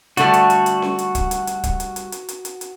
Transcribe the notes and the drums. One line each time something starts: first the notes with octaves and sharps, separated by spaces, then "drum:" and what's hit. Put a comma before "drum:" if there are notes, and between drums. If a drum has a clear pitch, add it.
D3 G3 A3 F#4 A4, drum: hi-hat
drum: hi-hat
drum: hi-hat
drum: hi-hat
drum: snare C#4
drum: hi-hat
drum: kick, hi-hat
drum: hi-hat
drum: hi-hat
drum: kick, hi-hat
drum: hi-hat
drum: hi-hat
drum: hi-hat
drum: hi-hat
drum: hi-hat
drum: hi-hat